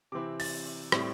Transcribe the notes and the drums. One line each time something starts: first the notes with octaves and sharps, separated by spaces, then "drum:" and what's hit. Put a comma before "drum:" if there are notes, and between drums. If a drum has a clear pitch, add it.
C3 E3 C4 E4 D6
A6, drum: open hi-hat
A2 G3 C4 E4, drum: rim click